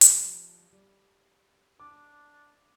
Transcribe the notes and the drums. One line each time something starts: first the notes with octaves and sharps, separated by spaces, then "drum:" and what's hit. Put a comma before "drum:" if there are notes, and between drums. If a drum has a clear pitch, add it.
F3 G3, drum: hi-hat
G3
D4 D6